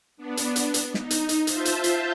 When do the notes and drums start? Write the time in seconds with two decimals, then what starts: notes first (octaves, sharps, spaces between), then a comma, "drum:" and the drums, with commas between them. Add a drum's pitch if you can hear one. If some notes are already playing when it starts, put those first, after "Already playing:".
0.17 B3 D4
0.37 drum: hi-hat
0.56 drum: hi-hat
0.74 drum: hi-hat
0.94 D#4, drum: snare
1.10 drum: hi-hat
1.29 drum: hi-hat
1.47 F4 C5 E5 A5 G6, drum: hi-hat
1.65 drum: hi-hat
1.84 drum: hi-hat